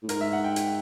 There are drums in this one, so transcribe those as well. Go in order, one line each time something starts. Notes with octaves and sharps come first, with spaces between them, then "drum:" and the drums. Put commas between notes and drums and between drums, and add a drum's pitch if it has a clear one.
A2
G#2 A#4, drum: hi-hat
E5
F#5
G5
drum: hi-hat